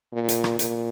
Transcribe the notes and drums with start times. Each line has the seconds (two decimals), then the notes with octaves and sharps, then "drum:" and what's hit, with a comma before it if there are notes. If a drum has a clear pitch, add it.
0.13 A#2
0.29 drum: hi-hat
0.44 drum: rim click
0.59 A#2, drum: hi-hat